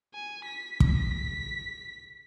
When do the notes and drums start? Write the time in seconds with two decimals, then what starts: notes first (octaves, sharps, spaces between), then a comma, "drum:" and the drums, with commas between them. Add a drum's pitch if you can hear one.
0.14 G#5
0.45 B6
0.80 drum: kick